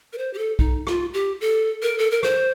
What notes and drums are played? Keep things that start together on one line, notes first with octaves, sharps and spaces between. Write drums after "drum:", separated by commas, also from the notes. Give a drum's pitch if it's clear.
A#4
C5
G4
A4
D#4, drum: kick B1
F4, drum: rim click
G4
A4
A#4
A4
A#4
C5, drum: rim click